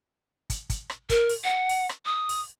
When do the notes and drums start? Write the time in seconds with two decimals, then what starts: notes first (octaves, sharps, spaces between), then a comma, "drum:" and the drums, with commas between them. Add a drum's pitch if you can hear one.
0.50 drum: kick, hi-hat
0.70 drum: kick, hi-hat
0.90 drum: rim click
1.10 A#4, drum: kick, hi-hat
1.29 drum: open hi-hat
1.44 F#5
1.69 drum: open hi-hat
1.89 drum: rim click
2.06 D#6
2.29 drum: open hi-hat